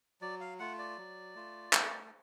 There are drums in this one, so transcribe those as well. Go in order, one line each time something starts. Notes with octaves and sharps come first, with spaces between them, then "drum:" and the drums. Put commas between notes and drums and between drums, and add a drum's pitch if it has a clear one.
F#3 D5
F5
A3 F4 F#5
D5
F#3
A3 F4
A3, drum: clap